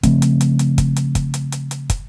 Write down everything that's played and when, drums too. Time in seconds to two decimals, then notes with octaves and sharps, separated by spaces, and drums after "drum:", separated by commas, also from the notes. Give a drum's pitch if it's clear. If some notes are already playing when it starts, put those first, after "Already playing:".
0.03 C#3 F3 A3 C4, drum: kick, hi-hat
0.22 drum: hi-hat
0.41 drum: hi-hat
0.59 drum: hi-hat
0.78 drum: kick, hi-hat
0.96 drum: hi-hat
1.15 drum: kick, hi-hat
1.34 drum: hi-hat
1.52 drum: hi-hat
1.71 drum: hi-hat
1.90 drum: kick, hi-hat